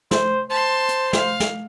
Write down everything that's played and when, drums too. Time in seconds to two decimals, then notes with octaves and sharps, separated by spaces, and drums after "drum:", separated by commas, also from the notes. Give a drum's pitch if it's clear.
0.11 C5, drum: snare
0.50 C5 A5 C6
0.88 drum: hi-hat
1.13 F5, drum: snare
1.40 drum: snare